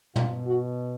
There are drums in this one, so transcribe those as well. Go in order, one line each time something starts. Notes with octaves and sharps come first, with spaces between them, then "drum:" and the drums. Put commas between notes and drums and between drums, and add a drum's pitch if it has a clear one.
B2 F4, drum: tom
F#4